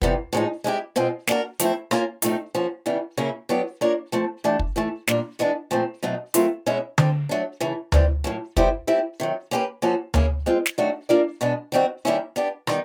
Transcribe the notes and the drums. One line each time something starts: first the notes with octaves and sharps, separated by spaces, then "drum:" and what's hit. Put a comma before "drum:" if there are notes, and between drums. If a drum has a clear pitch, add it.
C3 E3 G3 B3, drum: kick
A2 F3 G#3 C4 D#4
G#3 C4 E4 G4
B2 G#3 C4 F4 G#4
A#3 D4 F#4 A#4, drum: snare
F3 A3 C4 E4, drum: hi-hat
A#3 C#4 F4 A#4, drum: rim click
A2 F3 A3 C4 D#4, drum: hi-hat
F3 A#3 C#4 F#4
C#3 E3 G3 B3
C#3 F#3 A#3 C#4 E4
A2 F#3 B3 D4 G4
A#3 D4 F4 A#4 C#5
F3 A3 C4
E3 A3 D4 G4
drum: kick
A2 E3 A3
A#2 G3 A#3 D4, drum: snare
E3 G#3 B3 D4
A#2 F3 A3 C4
B2 F#3 A3 C4 D#4
F#3 A3 C4 F4 A#4, drum: hi-hat
B2 G#3 C#4 E4
D3 G3 C4, drum: tom D3
F#3 A3 D4
C#3 E3 A3
E3 G3 C4, drum: tom D2
A2 F#3 A#3
G3 B3 E4 G4 C5, drum: kick
A3 C4 E4 G4
C3 D#3 F#3
A#3 C#4 E4 G4 B4
F3 A#3 C#4 F#4 A4
A#3 C#4 E4 G#4, drum: tom D2
G#3 C4 F4
drum: snare
D#3 F#3 A3 D4 F#4
A#3 D4 F4 A#4 D5
B2 G#3 B3 D4
D#3 G3 C4 D#4 F#4
D#3 G3 A#3 C#4 E4
B3 D4 G4
D#3 G3 B3 D#4, drum: rim click